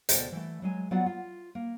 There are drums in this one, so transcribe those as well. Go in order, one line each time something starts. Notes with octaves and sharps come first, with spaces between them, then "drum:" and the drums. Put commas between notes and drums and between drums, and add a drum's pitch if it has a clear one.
D2 B2 A4 C5 D5 G5, drum: hi-hat
E3 A3
F#3 G#3 G#5
F#3 B3 F4 F#4 D5 F#5
F4
A#3